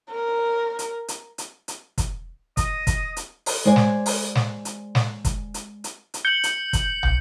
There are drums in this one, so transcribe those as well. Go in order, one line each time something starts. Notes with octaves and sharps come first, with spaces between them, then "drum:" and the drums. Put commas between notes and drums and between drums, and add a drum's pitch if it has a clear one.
A#4
drum: hi-hat
drum: hi-hat
drum: hi-hat
drum: hi-hat
drum: kick, hi-hat
D#5, drum: kick, hi-hat
drum: kick, hi-hat
drum: hi-hat
drum: open hi-hat
G#3 C5 D5 G#5
drum: snare
drum: open hi-hat
drum: snare
drum: hi-hat
drum: snare
drum: kick, hi-hat
drum: hi-hat
drum: hi-hat
drum: hi-hat
G6 C#7 F#7
drum: hi-hat
drum: kick, hi-hat
drum: tom